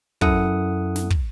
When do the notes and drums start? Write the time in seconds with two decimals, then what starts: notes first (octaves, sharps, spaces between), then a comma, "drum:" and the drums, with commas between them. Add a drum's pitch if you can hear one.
0.21 F#2 E4 A4 F#5 D#6, drum: kick
0.96 drum: snare
1.10 drum: kick